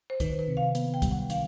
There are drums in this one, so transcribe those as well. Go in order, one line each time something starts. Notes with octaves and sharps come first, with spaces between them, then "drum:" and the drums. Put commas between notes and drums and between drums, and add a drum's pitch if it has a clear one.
C5
D#3 B4, drum: kick, hi-hat
B4
C3
F5
B3, drum: hi-hat
G5
G3, drum: kick, hi-hat
F#5
D#3 F5, drum: hi-hat